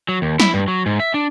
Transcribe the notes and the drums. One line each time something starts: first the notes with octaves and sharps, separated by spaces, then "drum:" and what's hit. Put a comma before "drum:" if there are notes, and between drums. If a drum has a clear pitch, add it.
F#3
D#2
E4, drum: snare
G2
F#3
G#2
E5
D4